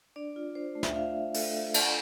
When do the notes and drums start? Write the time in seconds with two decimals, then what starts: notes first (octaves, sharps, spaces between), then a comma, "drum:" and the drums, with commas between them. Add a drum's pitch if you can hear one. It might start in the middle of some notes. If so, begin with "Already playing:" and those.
0.16 D4 D5
0.36 F4
0.55 D4 C5
0.75 A3
0.83 E5, drum: snare
0.95 F4 F5
1.15 F4
1.34 A3 A4, drum: open hi-hat
1.54 F4
1.74 D4, drum: cymbal